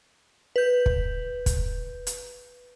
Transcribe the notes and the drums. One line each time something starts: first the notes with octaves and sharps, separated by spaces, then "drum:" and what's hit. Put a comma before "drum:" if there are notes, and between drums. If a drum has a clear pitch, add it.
B4 G6
drum: kick
drum: kick, hi-hat
drum: hi-hat